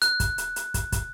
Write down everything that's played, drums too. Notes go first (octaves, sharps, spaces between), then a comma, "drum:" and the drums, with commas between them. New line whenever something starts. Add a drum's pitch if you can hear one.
F#6, drum: hi-hat
drum: kick, hi-hat
drum: hi-hat
drum: hi-hat
drum: kick, hi-hat
drum: kick, hi-hat